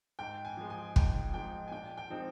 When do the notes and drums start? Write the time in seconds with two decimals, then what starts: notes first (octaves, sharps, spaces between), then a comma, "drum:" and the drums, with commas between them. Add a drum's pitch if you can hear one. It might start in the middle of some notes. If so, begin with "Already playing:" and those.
0.19 G#2 G5
0.45 G#5
0.57 F3 G#3
0.70 G#5
0.96 G#2 G5, drum: kick
1.34 F3 G#3 G5
1.68 G#5
1.71 A#2 G5
1.97 G5
2.10 F3 G#3 C4 D#4